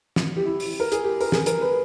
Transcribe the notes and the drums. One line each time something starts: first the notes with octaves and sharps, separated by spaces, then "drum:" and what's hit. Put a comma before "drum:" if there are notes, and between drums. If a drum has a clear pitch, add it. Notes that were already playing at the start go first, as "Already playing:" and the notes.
drum: snare
G4
E4
drum: open hi-hat
A#4
G#4, drum: hi-hat
G4
A#4, drum: open hi-hat
G#4, drum: snare
A#4, drum: hi-hat
B4